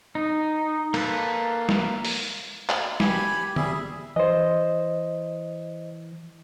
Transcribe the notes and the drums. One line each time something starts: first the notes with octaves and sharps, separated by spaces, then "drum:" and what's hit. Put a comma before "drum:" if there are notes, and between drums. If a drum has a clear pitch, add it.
D#4
A#3 A4 B4, drum: cymbal
drum: snare
drum: open hi-hat
drum: clap
G4 G#5 B5, drum: snare
G3 G#4 E5, drum: tom
E3 C5 D#5